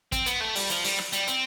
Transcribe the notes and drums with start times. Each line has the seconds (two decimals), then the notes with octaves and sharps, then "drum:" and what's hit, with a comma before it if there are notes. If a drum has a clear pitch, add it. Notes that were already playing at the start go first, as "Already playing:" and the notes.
0.12 C4, drum: kick, hi-hat
0.26 B3, drum: hi-hat
0.41 A3
0.55 G3, drum: open hi-hat
0.70 F3, drum: hi-hat
0.84 G3, drum: open hi-hat
0.99 drum: rim click
1.12 G3, drum: hi-hat
1.27 C4, drum: hi-hat